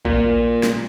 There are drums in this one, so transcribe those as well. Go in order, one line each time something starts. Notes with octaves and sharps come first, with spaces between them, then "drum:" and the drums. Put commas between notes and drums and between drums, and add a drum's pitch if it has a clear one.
A#2, drum: kick A1
drum: snare